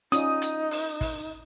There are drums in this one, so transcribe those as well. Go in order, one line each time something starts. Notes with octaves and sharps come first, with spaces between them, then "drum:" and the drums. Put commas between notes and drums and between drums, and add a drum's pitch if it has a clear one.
C#4 D#4 F4 D5 D#6, drum: hi-hat
drum: hi-hat
drum: open hi-hat
drum: kick, open hi-hat